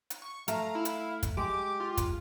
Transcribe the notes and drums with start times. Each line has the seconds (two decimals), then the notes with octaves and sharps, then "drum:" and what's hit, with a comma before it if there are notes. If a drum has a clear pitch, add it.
0.10 drum: hi-hat
0.22 C#6
0.48 A3 F5 A#5, drum: hi-hat
0.75 E4
0.85 drum: hi-hat
1.23 drum: kick, hi-hat
1.37 G#3 G4 D6
1.80 F4
1.97 drum: kick, hi-hat